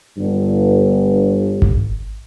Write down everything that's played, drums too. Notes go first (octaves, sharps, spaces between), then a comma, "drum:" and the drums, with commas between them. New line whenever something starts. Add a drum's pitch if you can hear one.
G1 G2
drum: kick G#1